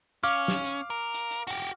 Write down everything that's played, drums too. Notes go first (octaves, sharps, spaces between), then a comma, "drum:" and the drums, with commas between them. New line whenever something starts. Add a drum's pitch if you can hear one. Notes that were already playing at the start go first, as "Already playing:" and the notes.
C#4 F5 D6 F6
drum: snare
drum: hi-hat
A#4
drum: hi-hat
drum: hi-hat
F#4 G4, drum: hi-hat